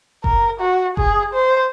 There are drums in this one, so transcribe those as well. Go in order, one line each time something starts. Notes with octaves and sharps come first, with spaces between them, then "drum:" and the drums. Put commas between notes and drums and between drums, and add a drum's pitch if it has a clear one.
A#4, drum: kick F#1
F#4
G#4, drum: kick F#1
C5